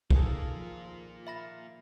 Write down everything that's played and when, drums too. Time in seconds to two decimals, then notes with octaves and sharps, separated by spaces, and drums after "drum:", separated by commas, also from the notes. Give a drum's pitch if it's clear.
0.10 D#3 A#3 F4 G#4 A4, drum: kick
0.57 F3
1.27 E5 B5 A#6